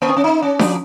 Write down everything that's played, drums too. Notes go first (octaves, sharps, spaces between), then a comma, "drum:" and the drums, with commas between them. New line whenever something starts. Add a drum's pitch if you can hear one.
A#3
C4
C#4
D#4
C#4
F3, drum: snare D4